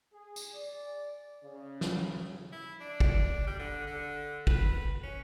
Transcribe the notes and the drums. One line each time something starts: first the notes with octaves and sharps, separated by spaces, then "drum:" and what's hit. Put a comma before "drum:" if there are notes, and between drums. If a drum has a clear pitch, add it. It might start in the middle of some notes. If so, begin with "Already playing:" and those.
G#4
drum: tambourine
D5
C#3
drum: snare
E4
D4
drum: kick
G3
D3
D3
B4, drum: kick
C#4